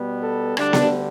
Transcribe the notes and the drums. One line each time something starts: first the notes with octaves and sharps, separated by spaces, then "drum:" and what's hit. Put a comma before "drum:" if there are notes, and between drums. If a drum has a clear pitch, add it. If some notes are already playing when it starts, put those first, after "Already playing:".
Already playing: B2 G3 B3
A4
D2 D3 G3 D4, drum: rim click
drum: snare B3